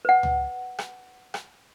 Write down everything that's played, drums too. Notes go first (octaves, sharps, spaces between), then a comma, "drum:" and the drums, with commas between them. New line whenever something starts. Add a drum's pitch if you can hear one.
B4 F#5
drum: tom C#2
drum: rim click
drum: rim click